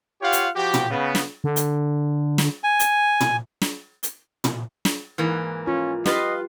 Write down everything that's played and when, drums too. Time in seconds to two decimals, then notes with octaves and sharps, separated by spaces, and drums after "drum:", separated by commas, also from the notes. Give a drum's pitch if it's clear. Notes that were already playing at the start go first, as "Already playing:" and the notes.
0.22 F4 G4 C#5 F5 F#5
0.33 drum: hi-hat
0.56 F3 F#4 G4
0.74 drum: tom
0.91 C#3 B3
1.15 drum: snare
1.44 D3
1.56 drum: hi-hat
2.38 drum: snare
2.64 G#5
2.79 drum: hi-hat
3.21 drum: tom
3.62 drum: snare
4.03 drum: hi-hat
4.44 drum: tom
4.85 drum: snare
5.18 G#2 E3 A#3
5.67 C#4 F4
6.06 F4 G4 B4 D#5 F5, drum: snare